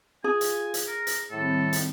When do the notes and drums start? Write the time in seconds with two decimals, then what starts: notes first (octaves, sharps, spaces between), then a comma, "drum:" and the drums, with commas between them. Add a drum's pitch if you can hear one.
0.24 F4 G#4 G#5
0.41 drum: hi-hat
0.74 drum: hi-hat
0.88 A#4
1.07 drum: hi-hat
1.31 A2 D#3 G3 C4 A4
1.73 drum: hi-hat